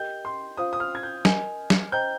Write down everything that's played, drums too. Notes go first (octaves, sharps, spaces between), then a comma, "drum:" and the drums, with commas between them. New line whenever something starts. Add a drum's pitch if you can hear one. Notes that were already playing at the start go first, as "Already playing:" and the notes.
Already playing: G4 A#4 D#5 G5 G6
C6
F4 C5 F5 D#6
D#6
F6
G#6
G6
A#4 D#5 G#5, drum: snare
drum: snare
C5 D#5 G5 A#5 G6